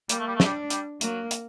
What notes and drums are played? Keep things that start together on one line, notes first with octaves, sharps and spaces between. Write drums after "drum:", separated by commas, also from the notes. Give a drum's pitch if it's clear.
G3 A#3, drum: hi-hat
A3
G3
A3
G3 D4, drum: snare
G3, drum: hi-hat
F#3 A#3, drum: hi-hat
drum: hi-hat